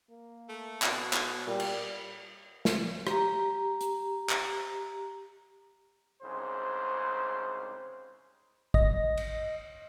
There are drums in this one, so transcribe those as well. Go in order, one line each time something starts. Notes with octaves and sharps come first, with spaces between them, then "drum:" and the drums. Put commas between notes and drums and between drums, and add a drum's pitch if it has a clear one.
A#3
A3
B2, drum: clap
drum: clap
A#2 G3
drum: cymbal
drum: snare
G4 A#5, drum: rim click
drum: hi-hat
drum: clap
C2 G#2 C#3 C5
D#5 A#6, drum: kick
drum: cymbal